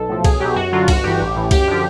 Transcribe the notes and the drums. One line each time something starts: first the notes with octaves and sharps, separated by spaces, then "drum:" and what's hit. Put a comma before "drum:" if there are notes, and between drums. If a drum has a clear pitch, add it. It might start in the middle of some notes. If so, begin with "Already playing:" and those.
Already playing: B1 A4
A2 F3
B1 G#4, drum: kick C2, cymbal
B2 F#3 G4
F#2 F#4
D3 F#3 F4
G1 F#4, drum: kick C2, cymbal
G2 E3 G4
A1
A2 E3
F#2 G4, drum: kick C2, cymbal
D3 F3